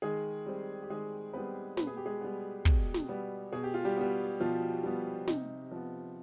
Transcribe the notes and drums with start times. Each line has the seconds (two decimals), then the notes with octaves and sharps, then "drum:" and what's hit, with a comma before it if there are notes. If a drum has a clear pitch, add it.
0.02 D#3 G#3 G#4
0.46 G3 C4
0.82 G4
0.90 D#3 G#3 G#4
1.34 G3 B3 C4 B4
1.77 B2 B4, drum: snare
1.87 G#4
1.97 G4
2.06 G#3 G#4
2.21 G3 B3
2.65 B2, drum: kick
2.94 drum: snare
3.09 G3 B3
3.52 B2 G#4
3.63 G4
3.74 F4
3.85 G3 G4
3.97 G3 B3
4.40 B2 F3 F4
4.84 G3 B3
5.28 C3 D#4, drum: snare
5.71 F3 B3